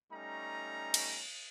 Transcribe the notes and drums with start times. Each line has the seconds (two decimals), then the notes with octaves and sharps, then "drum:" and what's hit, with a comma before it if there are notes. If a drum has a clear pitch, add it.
0.12 G3 A3 C#4 D#4 A#5
0.94 drum: cymbal